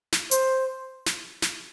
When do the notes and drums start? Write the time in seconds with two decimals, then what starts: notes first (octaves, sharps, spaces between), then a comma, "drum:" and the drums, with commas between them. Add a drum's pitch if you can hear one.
0.13 drum: snare
0.31 C5, drum: hi-hat
1.06 drum: snare
1.42 drum: snare